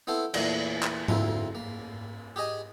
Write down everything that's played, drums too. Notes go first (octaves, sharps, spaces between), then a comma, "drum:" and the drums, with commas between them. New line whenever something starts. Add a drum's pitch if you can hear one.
B3 C4 E4 A4 C5
E2 A#2 A3 A#3, drum: cymbal
drum: clap
D2 C4 E4 F4 C6, drum: tom G#2
A#3
G4 G#4 D#5 G#5